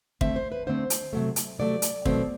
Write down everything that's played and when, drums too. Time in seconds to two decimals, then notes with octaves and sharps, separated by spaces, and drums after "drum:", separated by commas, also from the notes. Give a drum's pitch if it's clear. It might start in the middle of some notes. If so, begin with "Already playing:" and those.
0.21 D3 A3 C4 E5, drum: kick
0.36 C5
0.52 B4
0.67 D3 A3 C4 C5
0.90 drum: hi-hat
1.13 C3 F#3 A3
1.36 drum: hi-hat
1.59 C3 F#3 A3 D5
1.82 drum: hi-hat
2.06 B2 F#3 A3 C4, drum: kick